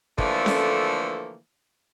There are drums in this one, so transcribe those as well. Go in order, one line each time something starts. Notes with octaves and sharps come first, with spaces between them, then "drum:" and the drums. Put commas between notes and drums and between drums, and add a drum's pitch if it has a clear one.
D3 E3 F3 A3 A#3, drum: kick
drum: snare C#4